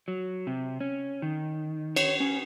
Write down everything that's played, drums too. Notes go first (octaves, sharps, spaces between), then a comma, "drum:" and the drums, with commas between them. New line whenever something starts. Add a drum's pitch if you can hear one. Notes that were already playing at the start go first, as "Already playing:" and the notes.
F#3
C3
C#4
D#3
C#5, drum: cymbal
C#4